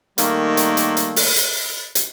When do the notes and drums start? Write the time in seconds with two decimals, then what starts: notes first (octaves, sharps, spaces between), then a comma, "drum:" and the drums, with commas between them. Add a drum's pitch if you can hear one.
0.18 D#3 G3 A3 A#3, drum: hi-hat
0.57 drum: hi-hat
0.77 drum: hi-hat
0.97 drum: hi-hat
1.16 drum: open hi-hat
1.36 drum: hi-hat
1.95 drum: hi-hat